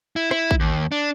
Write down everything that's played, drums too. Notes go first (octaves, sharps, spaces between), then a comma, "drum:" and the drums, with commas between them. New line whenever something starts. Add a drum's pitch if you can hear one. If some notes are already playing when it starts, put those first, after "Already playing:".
E4
E4, drum: rim click
drum: kick A1
D#2
D4